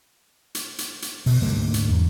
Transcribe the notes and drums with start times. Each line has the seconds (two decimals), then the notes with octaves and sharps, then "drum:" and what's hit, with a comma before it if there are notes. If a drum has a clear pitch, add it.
0.55 drum: hi-hat
0.78 drum: hi-hat
1.02 drum: hi-hat
1.26 B2, drum: open hi-hat
1.42 D2 G#2 G3 A#3
1.74 drum: hi-hat
1.90 E2